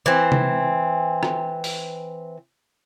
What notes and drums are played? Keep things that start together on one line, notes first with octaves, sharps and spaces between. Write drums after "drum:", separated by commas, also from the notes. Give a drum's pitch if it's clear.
E3 C4
drum: tom C3
drum: rim click
drum: open hi-hat